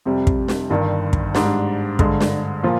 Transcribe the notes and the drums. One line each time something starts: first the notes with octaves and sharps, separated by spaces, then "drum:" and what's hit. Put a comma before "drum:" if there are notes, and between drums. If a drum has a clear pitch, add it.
F2 C3 G3
drum: kick
drum: snare
G1 G2 D#3
drum: kick
G#2 G3 D4, drum: snare
G2 D3 G#3, drum: kick
drum: snare
A#2 F3 A#3 F4